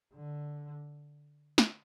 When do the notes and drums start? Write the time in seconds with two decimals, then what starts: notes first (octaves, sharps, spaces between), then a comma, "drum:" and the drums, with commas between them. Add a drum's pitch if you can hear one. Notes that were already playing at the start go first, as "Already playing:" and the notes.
0.14 D3
1.58 drum: snare